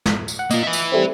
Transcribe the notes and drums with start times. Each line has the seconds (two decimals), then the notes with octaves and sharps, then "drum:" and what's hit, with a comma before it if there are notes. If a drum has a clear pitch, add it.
0.06 drum: snare
0.28 drum: tambourine
0.39 F#5
0.50 A#3 F4 D#5, drum: tambourine
0.63 B4 E5
0.73 drum: tambourine
0.92 G3 A3 C4